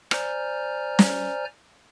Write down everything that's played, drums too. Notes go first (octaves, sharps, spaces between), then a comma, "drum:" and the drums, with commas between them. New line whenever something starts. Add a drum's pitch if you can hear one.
C5 D5 G#5 A#5 F6 G6, drum: rim click
drum: snare